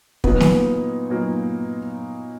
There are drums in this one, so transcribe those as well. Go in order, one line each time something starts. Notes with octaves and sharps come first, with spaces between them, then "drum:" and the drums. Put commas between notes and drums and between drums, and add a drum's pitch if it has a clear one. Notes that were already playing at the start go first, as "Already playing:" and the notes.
A#2 F#3 A#3 B3 D#4, drum: kick
drum: snare
A#2 F#3 A#3 D#4